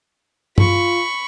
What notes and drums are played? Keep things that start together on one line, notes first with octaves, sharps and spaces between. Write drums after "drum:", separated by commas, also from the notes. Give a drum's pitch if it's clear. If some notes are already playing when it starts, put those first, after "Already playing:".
F4 B5 C#6, drum: tom G2